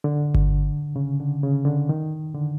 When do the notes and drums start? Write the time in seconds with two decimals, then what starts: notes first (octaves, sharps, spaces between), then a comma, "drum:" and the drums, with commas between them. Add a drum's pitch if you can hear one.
0.04 D3
0.34 drum: kick G1
0.96 C#3
1.20 D3
1.43 C#3
1.65 D3
1.89 D#3
2.34 D3